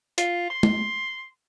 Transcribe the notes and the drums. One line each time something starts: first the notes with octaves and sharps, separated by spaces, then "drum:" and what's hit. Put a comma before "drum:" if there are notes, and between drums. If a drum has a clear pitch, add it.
F4, drum: hi-hat
C6
drum: tom